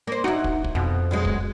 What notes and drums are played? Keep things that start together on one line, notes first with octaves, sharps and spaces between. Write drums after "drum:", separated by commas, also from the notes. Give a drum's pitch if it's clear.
A#3 C5
D#4 E4 F#4
drum: kick
drum: kick
F2 B2
F#2 B2 G#3
drum: kick